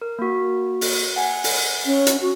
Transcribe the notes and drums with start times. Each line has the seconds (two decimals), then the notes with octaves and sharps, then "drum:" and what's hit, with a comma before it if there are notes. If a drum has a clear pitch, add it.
0.02 A#4
0.19 A#3 F#4
0.81 drum: open hi-hat
1.16 F#5 G#5
1.44 drum: open hi-hat
1.86 C#4
2.07 drum: hi-hat
2.21 F#4